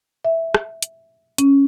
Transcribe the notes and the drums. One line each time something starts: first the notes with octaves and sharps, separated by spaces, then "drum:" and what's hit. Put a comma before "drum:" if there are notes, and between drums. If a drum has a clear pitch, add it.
E5
drum: rim click
drum: hi-hat
C#4, drum: hi-hat